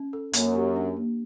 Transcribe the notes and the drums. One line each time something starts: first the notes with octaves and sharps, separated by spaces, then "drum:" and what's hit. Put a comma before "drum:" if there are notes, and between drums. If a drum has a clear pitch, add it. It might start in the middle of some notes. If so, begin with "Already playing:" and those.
Already playing: C#4
A4
F#2 A#3, drum: hi-hat
G4
D4
A#3